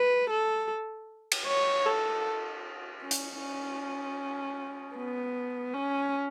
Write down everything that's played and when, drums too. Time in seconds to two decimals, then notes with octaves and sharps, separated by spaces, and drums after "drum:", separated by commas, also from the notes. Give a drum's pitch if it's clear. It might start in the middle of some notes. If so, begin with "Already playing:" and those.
Already playing: B4
0.30 A4
1.32 drum: cymbal
1.47 C#5
1.86 A4
3.02 C#4
3.11 drum: hi-hat
3.41 C#4
4.96 B3
5.74 C#4